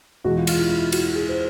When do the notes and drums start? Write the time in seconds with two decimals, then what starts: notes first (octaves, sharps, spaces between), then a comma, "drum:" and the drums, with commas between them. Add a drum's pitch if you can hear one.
0.24 E2 B2 G#3 F#4
0.36 F4
0.47 F4, drum: cymbal
0.58 E4
0.70 E4
0.92 F#4, drum: cymbal
1.15 G#4
1.29 C5